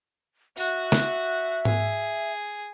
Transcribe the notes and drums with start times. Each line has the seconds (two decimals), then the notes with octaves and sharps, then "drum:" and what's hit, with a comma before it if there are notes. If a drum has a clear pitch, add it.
0.57 F#4 E5 F#5, drum: tambourine
0.92 drum: snare
1.65 G#4, drum: tom G#2